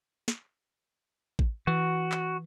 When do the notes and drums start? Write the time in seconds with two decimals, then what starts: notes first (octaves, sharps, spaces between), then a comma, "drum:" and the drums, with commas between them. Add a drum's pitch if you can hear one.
0.28 drum: snare
1.39 drum: kick A1
1.67 E3 F#4
2.12 drum: clap